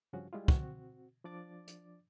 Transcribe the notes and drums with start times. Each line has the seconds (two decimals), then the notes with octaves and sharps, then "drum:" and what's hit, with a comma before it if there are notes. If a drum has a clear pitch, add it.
0.13 G2 C#3 F3 C#4 F#4
0.33 G3 G#3 E4 F4
0.48 C4 F#4, drum: kick
1.24 F3 D4 D5 D6 A6
1.67 drum: hi-hat